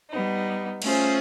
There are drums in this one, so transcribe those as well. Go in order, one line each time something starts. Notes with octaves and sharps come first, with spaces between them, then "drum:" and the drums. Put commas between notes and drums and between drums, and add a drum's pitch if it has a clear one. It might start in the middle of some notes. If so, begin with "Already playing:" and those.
G3 B3 D#4
A3 C#4 F4 G#4 C5, drum: cymbal